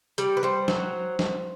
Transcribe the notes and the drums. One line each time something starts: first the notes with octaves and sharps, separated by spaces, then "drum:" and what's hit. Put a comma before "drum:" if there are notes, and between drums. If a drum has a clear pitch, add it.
G3 D5, drum: hi-hat
B4
G3 C5
F#3, drum: snare
drum: snare